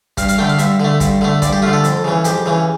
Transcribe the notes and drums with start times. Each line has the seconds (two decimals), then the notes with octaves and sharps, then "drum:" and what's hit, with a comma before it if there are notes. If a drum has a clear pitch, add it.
0.17 G2 F5, drum: kick, hi-hat
0.29 F5, drum: hi-hat
0.38 D3 A3 G5
0.49 F5
0.59 G2 E5, drum: hi-hat
0.80 D3 A3
1.00 G2, drum: kick, hi-hat
1.21 D3 A3
1.42 G2 D5, drum: kick, hi-hat
1.53 G4
1.62 D3 A3 F4
1.73 A4
1.84 F2, drum: hi-hat
2.04 C#3 E3
2.24 F2 G4, drum: hi-hat
2.46 C#3 E3